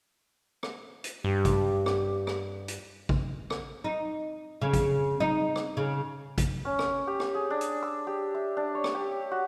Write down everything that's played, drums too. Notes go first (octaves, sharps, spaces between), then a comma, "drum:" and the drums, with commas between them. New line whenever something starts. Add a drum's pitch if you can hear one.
drum: rim click
drum: hi-hat
G2 G4
drum: kick A1, hi-hat
drum: rim click
drum: rim click
drum: hi-hat
drum: kick A1
drum: rim click
D#4
C#3
drum: kick A1, hi-hat
D#4
drum: rim click
C#3
drum: kick A1, hi-hat
C#4
drum: rim click
G4
drum: rim click
G#4
D4
drum: hi-hat
E6
G4
E5
D4
C#5
drum: rim click
G4
F#4